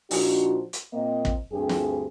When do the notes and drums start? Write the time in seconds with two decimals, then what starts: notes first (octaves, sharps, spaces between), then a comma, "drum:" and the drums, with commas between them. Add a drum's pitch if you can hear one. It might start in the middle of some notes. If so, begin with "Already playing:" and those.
0.11 A#2 F3 D4 D#4 F4 F#4, drum: open hi-hat
0.73 drum: hi-hat
0.93 A#2 A#3 C4 D#5
1.25 drum: kick
1.53 D2 G2 C4 G4 G#4
1.69 drum: snare